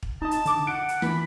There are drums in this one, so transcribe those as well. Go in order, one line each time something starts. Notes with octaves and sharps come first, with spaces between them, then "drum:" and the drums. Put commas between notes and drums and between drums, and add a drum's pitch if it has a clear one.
drum: kick
D#4 D#5 A5
drum: hi-hat
D3 D6, drum: hi-hat
F#5 D7
drum: hi-hat
E3 B5, drum: snare